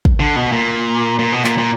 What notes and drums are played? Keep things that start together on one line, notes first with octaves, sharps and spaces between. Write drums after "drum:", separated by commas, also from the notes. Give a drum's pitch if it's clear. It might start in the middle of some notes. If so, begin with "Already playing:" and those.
drum: kick
D3
B2
A#2
A#2
B2
A#2, drum: clap
A#2